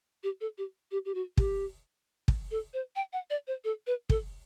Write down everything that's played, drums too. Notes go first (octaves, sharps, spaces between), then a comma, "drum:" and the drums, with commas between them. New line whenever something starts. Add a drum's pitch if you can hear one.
G4
A4
G4
G4
G4
F#4
G4, drum: kick
drum: kick
A4
C5
G5
F#5
D5
C5
A4
B4
A4, drum: kick